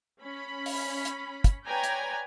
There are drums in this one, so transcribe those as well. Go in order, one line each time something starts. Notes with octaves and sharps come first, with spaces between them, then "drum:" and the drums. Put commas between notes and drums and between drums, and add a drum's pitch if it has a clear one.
C#4 B5
drum: open hi-hat
drum: hi-hat
drum: kick, hi-hat
B4 C#5 D5 G5 G#5 A#5
drum: hi-hat